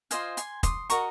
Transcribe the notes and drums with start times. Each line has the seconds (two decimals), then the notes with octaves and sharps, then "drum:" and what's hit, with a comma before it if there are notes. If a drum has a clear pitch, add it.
0.11 F4 C5 D#5 F5 G#5, drum: hi-hat
0.37 G#5 C6, drum: hi-hat
0.63 C6 D#6, drum: kick, hi-hat
0.90 F#4 A#4 D#5 A#5 C#6, drum: hi-hat